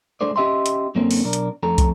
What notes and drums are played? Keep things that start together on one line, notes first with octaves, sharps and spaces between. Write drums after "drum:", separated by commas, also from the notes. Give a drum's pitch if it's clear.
G#3 A3 D4 C5 D5
C#4 G4 D#5 E5 G5 C6
drum: hi-hat
F#2 D3 A#3 C4 C#4
drum: open hi-hat
B1 D4 A#4
drum: hi-hat
F2 A3 C#4 A4 A#5
drum: kick, hi-hat